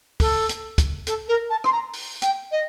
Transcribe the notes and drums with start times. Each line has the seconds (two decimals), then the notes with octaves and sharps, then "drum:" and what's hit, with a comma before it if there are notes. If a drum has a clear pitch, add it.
0.20 A4, drum: kick, open hi-hat
0.49 drum: hi-hat
0.78 drum: kick, hi-hat
1.07 A4, drum: hi-hat
1.28 A#4
1.50 A5
1.64 C6, drum: rim click
1.72 A#5
1.93 drum: open hi-hat
2.22 G5, drum: hi-hat
2.51 D#5